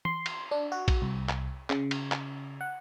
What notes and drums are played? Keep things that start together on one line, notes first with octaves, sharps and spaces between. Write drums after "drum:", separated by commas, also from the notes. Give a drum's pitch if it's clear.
C6, drum: tom E3
drum: cymbal
D4
F#4
drum: kick A#1, cymbal
C2
drum: clap
C#3, drum: clap
drum: cymbal
drum: clap
F#5